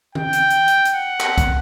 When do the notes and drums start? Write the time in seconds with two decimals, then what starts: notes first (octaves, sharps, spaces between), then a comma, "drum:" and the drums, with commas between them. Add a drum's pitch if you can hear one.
0.15 G5, drum: tom D#3
0.33 drum: hi-hat
0.50 drum: hi-hat
0.68 drum: hi-hat
0.85 drum: hi-hat
0.94 F#5
1.20 drum: clap
1.38 drum: kick B1, hi-hat